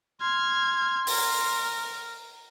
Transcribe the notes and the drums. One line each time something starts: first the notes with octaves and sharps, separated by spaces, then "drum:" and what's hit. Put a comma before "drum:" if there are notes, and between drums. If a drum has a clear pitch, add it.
C6 F6 G#6
A#4, drum: open hi-hat